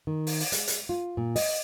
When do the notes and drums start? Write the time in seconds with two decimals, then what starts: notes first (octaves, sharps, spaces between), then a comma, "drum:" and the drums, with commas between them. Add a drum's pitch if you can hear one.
0.07 D#3
0.27 drum: open hi-hat
0.40 drum: open hi-hat
0.52 G#3, drum: hi-hat
0.68 drum: hi-hat
0.89 F4
1.17 A#2
1.36 D#5, drum: open hi-hat